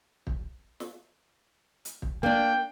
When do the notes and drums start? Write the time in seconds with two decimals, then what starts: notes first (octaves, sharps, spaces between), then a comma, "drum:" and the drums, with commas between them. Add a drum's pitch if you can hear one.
0.27 drum: kick
0.80 drum: snare
1.85 drum: hi-hat
2.02 drum: kick
2.23 A#3 D4 G5